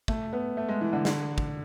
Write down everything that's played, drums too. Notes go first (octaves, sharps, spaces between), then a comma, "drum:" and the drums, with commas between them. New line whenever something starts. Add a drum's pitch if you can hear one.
A3, drum: kick
B3
A3
G#3
E3
D3
D3, drum: snare
drum: kick